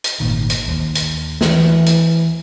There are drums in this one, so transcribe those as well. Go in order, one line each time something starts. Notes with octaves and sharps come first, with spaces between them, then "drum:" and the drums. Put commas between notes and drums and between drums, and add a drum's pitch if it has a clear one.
drum: hi-hat
G#1 A#2 D#3
drum: hi-hat
D#2
drum: hi-hat
E3, drum: snare
drum: hi-hat